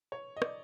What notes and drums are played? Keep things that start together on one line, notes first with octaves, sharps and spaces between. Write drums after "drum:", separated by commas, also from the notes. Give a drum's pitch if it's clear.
C#5
D#5
D5, drum: rim click